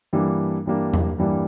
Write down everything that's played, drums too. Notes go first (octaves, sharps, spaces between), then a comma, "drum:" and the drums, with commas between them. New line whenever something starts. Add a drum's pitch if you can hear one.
G2 E3 G3 A#3 D4
G2 E3 G3 A#3 D4
drum: tom E2
G2 E3 G3 A#3 D4